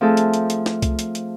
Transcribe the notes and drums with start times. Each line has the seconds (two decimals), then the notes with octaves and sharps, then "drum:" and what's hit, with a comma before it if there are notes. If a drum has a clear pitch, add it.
0.01 F3 A3 C4 G#4 A4
0.17 drum: hi-hat
0.34 drum: hi-hat
0.50 drum: hi-hat
0.66 drum: snare
0.82 drum: kick C2, hi-hat
0.99 drum: hi-hat
1.15 drum: hi-hat